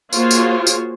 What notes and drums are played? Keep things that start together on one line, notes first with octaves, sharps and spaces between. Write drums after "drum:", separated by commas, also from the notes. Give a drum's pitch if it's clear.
A#3 F4 F#4 G#4 C5 C#5, drum: tambourine
drum: tambourine
drum: tambourine